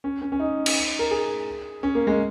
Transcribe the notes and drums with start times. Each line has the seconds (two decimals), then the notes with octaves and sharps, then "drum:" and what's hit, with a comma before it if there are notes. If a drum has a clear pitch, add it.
0.04 C#4
0.22 C#4
0.32 C#4
0.40 D#4
0.66 drum: cymbal
0.99 A#4
1.11 G#4
1.83 C#4
1.95 A#3
2.07 G#3